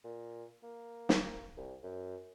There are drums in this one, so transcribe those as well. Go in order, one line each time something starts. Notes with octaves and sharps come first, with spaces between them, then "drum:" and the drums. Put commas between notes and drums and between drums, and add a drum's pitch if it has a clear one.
A#2
A#3
drum: snare
C2
F#2